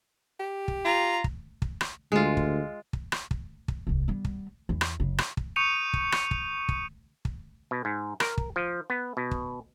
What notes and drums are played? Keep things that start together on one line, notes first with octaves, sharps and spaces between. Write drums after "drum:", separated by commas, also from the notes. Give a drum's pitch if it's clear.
G4
drum: kick
F4 A#5
drum: kick
drum: kick
drum: rim click
D2 G#3 F4
drum: kick
drum: kick
drum: rim click
drum: kick
drum: kick
D1 C2
G3 B3
drum: kick
E2
drum: rim click
F#1 C#3
drum: rim click
drum: kick
C#6 D#6 G6 C#7 D#7 F7
drum: kick
drum: rim click
drum: kick
drum: kick
drum: kick
B2
G#2
A#4, drum: rim click
drum: kick
F3
B3
B2
drum: kick